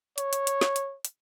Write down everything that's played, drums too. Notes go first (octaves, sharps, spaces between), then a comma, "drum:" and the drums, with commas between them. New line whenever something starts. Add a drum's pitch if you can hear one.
C#5, drum: hi-hat
drum: hi-hat
drum: hi-hat
drum: snare
drum: hi-hat
drum: hi-hat